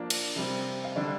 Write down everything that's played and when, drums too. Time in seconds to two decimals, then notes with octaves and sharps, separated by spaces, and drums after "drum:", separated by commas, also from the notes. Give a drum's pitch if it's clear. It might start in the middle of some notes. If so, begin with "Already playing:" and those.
Already playing: F3 A#3 D4
0.10 drum: cymbal
0.36 C3 G3 C4
0.84 F5
0.96 D3 G3 D4 D5